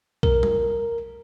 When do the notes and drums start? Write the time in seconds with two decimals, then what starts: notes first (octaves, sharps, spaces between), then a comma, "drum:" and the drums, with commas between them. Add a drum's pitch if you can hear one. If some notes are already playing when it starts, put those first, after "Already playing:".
0.23 A#4, drum: kick B1
0.43 drum: tom G3